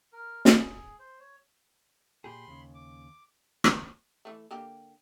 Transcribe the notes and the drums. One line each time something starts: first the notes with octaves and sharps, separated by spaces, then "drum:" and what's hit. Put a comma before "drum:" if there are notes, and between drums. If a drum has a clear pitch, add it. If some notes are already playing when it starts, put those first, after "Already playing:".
A#4
G#4, drum: snare
C5
C#5
A#2 G4 G#4 B5 C6
D#2 C#3
D6
drum: rim click
E3 A3
D3 A#3 G4